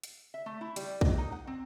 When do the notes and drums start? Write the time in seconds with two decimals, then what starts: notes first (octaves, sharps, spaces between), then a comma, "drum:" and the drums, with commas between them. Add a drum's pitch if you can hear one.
0.04 drum: hi-hat
0.34 E5
0.46 A3
0.61 E4
0.76 G3, drum: hi-hat
1.01 D#5, drum: kick
1.18 D#4
1.32 F#5
1.47 C4